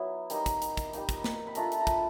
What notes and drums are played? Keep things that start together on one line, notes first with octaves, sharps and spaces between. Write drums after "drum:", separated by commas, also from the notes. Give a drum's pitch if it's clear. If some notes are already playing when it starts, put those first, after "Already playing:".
Already playing: F#3 B3 E4
G3 A#3 D#4, drum: hi-hat
drum: kick, hi-hat
drum: hi-hat
drum: kick, hi-hat
G3 A#3 D#4, drum: hi-hat
drum: kick, hi-hat
drum: snare
B5
A3 D4 F4 A#5, drum: hi-hat
B5, drum: hi-hat
A#5
B5, drum: kick, hi-hat